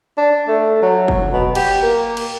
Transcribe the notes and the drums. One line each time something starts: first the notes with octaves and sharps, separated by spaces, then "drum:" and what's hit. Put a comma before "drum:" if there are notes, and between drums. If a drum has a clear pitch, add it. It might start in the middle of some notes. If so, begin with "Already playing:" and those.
D4
A3
F#3
drum: kick
B2
G4, drum: cymbal
A#3
drum: cymbal